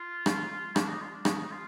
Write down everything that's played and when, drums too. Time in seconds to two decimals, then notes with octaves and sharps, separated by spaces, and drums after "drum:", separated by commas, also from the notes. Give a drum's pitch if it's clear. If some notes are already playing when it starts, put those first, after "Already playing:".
Already playing: F4
0.26 drum: rim click
0.76 D4, drum: rim click
0.89 D#4
1.01 F4
1.13 D4
1.25 D#4, drum: rim click
1.51 F4